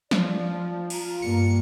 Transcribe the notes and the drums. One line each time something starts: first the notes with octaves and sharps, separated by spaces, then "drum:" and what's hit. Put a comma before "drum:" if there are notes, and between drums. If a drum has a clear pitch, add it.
F3 D5, drum: snare
F4 A#5, drum: cymbal
G2 A#3 C#7